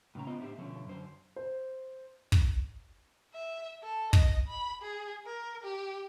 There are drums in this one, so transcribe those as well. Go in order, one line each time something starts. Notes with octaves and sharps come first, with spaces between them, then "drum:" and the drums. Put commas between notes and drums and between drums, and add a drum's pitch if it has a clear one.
A2 C#3 C#4 A#5
B3 F4 C5 D#5
A2 D4 G4 C5 E5
B2 D3 F3 A3 C#4
F#2 D3 C5
C5
drum: kick
E5
A4
D#5, drum: kick
B5
G#4
A#4
G4